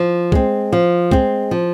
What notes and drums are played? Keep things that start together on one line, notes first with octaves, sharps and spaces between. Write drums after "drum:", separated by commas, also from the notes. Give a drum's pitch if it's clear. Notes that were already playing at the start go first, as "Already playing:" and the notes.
Already playing: F3
G#3 C4, drum: kick
F3
G#3 C4, drum: kick
F3